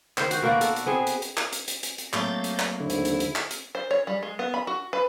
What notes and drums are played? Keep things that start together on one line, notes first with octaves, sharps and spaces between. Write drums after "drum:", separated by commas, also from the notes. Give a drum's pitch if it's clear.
D#3 C5, drum: clap
F#4 C5, drum: hi-hat
B2 A#3 F#4 D5
A4, drum: hi-hat
drum: hi-hat
B3 C4 G#4
drum: hi-hat
drum: hi-hat
drum: clap
drum: hi-hat
drum: hi-hat
drum: hi-hat
drum: hi-hat
F#3 A3 A#3 C4 G6 A6, drum: clap
drum: hi-hat
drum: clap
D#2 G#2 D3 E4
drum: hi-hat
drum: hi-hat
drum: hi-hat
drum: clap
drum: hi-hat
C5
C#5
G3
G#3
B3
B5
F#4
B4